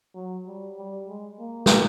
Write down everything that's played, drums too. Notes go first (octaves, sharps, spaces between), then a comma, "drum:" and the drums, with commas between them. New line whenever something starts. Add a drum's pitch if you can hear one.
F#3
G3
G3
G#3
A#3
drum: snare